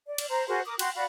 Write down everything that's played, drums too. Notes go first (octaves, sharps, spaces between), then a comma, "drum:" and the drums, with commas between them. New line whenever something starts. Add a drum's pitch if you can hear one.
D5
drum: cymbal
C5 A#5
F#4 G#4 A#4 C5
A#4 D6 D#6
F#4 G5 C6 F#6, drum: cymbal
F#4 D5 F5 B5